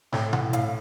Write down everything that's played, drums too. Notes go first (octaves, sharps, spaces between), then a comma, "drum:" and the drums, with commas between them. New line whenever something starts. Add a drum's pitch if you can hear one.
A2 G5, drum: snare
E3 F#5, drum: tom B2
A2 F5, drum: hi-hat